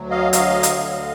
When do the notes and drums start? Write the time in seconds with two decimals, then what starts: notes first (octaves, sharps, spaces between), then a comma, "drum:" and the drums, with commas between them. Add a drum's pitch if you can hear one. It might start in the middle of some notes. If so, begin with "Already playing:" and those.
Already playing: D2 F#3
0.10 D#5 F5
0.33 D2 D#5 F5, drum: hi-hat
0.63 drum: hi-hat
0.78 D3